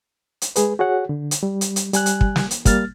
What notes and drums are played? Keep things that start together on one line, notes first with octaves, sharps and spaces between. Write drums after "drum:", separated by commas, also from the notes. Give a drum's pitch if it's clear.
drum: hi-hat
G#3 G#4 B4, drum: hi-hat
F#4 G#4 C#5 F#5
D3
drum: hi-hat
G3
drum: hi-hat
drum: hi-hat
G3 G#5 F#6, drum: hi-hat
drum: hi-hat
drum: kick
drum: snare
drum: hi-hat
G3 A#3 F6 A6, drum: kick, hi-hat